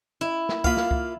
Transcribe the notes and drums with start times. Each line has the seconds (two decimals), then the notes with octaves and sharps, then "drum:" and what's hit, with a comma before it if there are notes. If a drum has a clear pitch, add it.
0.21 E4
0.49 drum: snare
0.64 A#3 F4 F5 B5, drum: kick
0.77 drum: snare
0.91 drum: kick